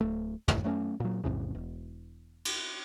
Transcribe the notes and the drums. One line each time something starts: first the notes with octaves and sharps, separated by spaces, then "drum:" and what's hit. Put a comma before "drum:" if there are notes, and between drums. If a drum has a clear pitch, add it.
D1 A3
G1 D2 A2, drum: tom
F#3 A3 A#3 C#4
A#2 F#3
B1 F2 A2 C#3
E1
drum: cymbal